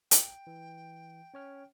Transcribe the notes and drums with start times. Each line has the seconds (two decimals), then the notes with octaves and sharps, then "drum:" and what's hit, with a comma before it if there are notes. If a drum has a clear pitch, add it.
0.11 G5, drum: hi-hat
0.47 E3
1.34 C#4 C#5 F6